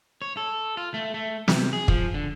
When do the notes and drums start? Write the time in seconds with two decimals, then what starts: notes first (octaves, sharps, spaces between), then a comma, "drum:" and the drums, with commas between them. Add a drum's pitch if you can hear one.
0.22 C#5
0.37 A4
0.77 F4
0.94 A3
1.14 A3
1.48 C3, drum: snare
1.73 G#4
1.88 F3, drum: kick
2.14 D3